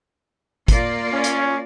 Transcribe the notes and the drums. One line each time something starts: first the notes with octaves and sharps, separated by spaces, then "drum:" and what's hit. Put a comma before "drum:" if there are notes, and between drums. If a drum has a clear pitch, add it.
A#3 F4 D5, drum: kick, hi-hat
C#4
drum: hi-hat